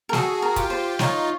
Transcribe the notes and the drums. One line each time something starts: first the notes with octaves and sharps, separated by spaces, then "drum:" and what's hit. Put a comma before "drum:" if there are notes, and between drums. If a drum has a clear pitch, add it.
A#4
F#4 G#4 A4, drum: snare
A#4
F4 G4, drum: kick, hi-hat
C5
D#4 F4 C#5, drum: snare